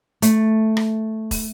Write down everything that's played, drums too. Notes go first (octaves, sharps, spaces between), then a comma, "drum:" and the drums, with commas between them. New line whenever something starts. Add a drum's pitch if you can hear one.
A3, drum: hi-hat
drum: rim click
drum: kick, open hi-hat